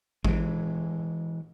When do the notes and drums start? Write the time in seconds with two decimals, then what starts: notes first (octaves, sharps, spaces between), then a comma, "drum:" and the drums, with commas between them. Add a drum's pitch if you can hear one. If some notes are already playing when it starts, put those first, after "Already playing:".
0.25 E3 G#3, drum: kick A1